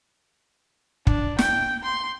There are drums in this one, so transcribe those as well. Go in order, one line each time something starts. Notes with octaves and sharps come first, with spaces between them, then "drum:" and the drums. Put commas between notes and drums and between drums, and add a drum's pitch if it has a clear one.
D4, drum: kick
G5, drum: snare
C6